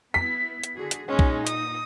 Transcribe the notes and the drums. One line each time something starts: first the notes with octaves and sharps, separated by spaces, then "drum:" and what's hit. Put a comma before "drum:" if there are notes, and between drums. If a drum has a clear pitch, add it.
B3 E4 B6
drum: hi-hat
D3 F#4 G#4
drum: hi-hat
A#2 G#3 C#4 D#4
drum: kick B1
D#6, drum: hi-hat